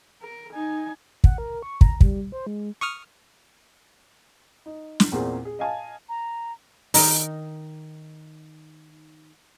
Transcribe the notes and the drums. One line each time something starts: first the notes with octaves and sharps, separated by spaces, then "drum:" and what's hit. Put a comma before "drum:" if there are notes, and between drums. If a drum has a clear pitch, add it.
A#4
D#4 G#5
F#5, drum: kick
A#4
C#6
A#5, drum: kick
G3, drum: kick
C5
G#3
C#6 D#6 F6
D#4
drum: snare
E2 A#2 C4 G#4 A#4
G#4
D#5 F5 G#5 A5
A#5
D#3 D#4, drum: open hi-hat